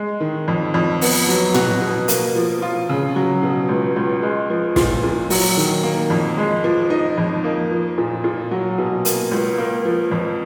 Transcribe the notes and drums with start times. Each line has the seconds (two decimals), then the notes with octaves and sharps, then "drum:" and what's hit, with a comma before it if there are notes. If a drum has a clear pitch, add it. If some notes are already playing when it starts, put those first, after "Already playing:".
Already playing: G#3
0.20 D#3
0.48 F2
0.74 F2
1.01 B3, drum: open hi-hat
1.29 F#3
1.54 F#4, drum: tom A2
1.81 B2
2.08 A#3, drum: hi-hat
2.35 F3
2.62 F4
2.89 C#3
3.16 F#3
3.43 B2
3.69 C#2
3.96 C#2
4.22 G#3
4.50 F3
4.76 A#2, drum: snare
5.03 A#2
5.30 F#3, drum: open hi-hat
5.57 D#3
5.83 A#3
6.10 F2
6.37 G#3
6.64 F3
6.90 D#4
7.18 F2
7.44 A#3
7.71 F3
7.98 A#2
8.24 A#2
8.51 F#3
8.78 B2
9.05 A#3, drum: hi-hat
9.31 C#2
9.58 A#3
9.85 F3
10.11 F2